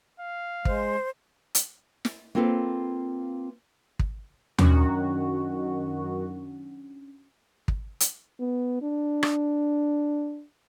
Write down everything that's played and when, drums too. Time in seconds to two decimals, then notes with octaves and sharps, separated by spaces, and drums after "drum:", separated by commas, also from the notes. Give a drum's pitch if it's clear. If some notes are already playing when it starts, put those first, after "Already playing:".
0.20 F5
0.65 G#3 C5, drum: kick
1.55 drum: hi-hat
2.05 drum: snare
2.35 A#3 C4 F4 A4 B4
3.99 drum: kick
4.58 F#2 D#3 C#4 D4 F#4, drum: tom
7.68 drum: kick
8.00 drum: hi-hat
8.40 B3
8.82 D4
9.23 drum: rim click